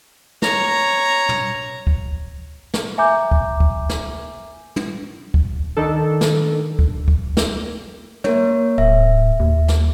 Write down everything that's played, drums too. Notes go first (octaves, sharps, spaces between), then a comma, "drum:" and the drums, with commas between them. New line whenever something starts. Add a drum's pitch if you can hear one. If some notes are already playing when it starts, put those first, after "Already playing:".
C#5 A#5, drum: snare
drum: tom
drum: kick
drum: snare
E5 G#5 A#5 D6 G6
drum: kick
drum: kick
drum: snare
drum: tom
drum: kick
D#3 D4 A4
drum: snare
drum: kick
drum: kick
drum: snare
A#3 A#4 C#5, drum: tom
D1 E5
D#2
drum: snare